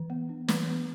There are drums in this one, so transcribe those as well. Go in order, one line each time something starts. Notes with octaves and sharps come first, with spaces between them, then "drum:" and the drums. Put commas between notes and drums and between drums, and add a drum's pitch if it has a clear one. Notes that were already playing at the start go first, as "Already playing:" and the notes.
Already playing: E3
B3
D4
E3, drum: snare
B3